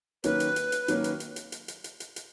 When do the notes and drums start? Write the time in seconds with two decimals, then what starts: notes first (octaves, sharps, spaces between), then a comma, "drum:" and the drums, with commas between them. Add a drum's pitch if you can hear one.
0.24 D#3 F#3 A#3 C#4 B4, drum: hi-hat
0.40 drum: hi-hat
0.56 drum: hi-hat
0.72 drum: hi-hat
0.88 D#3 F#3 A#3 C#4, drum: hi-hat
1.04 drum: hi-hat
1.20 drum: hi-hat
1.36 drum: hi-hat
1.52 drum: hi-hat
1.68 drum: hi-hat
1.84 drum: hi-hat
2.00 drum: hi-hat
2.16 drum: hi-hat